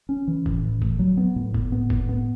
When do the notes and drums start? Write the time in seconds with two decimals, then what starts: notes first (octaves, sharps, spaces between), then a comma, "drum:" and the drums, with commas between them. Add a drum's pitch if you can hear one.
0.09 C#4
0.28 E3
0.46 A2, drum: kick
0.64 E3
0.82 A3, drum: kick
0.99 F#3
1.17 B3
1.36 A2
1.54 A2, drum: kick
1.72 B3
1.90 A2, drum: kick
2.09 B3